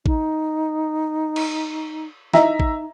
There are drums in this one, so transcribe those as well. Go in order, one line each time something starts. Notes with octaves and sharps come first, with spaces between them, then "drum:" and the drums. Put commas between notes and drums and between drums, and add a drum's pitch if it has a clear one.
D#4, drum: kick A1
drum: cymbal
D#4 D#5 E5 A#5, drum: snare
drum: kick A1